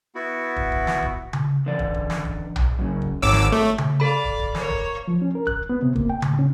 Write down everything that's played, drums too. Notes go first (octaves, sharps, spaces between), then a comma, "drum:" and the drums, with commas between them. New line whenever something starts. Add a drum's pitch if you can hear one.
B3 E4 F#4
drum: kick
drum: kick
drum: snare
drum: kick
drum: tom C#3
D3 E3 D5
drum: kick
drum: kick
drum: snare
drum: kick
drum: tom B1
F#2 C#3
drum: kick
G#1 C#5 D6 E6
drum: snare
A3
drum: tom C#3
A4 D5 F5 B5
drum: kick
drum: kick
A#3 C#5, drum: snare
drum: kick
F3
C#4
A#4
F#6, drum: kick
B3
C3
A#3, drum: kick
G5
A2, drum: tom C#3
C#4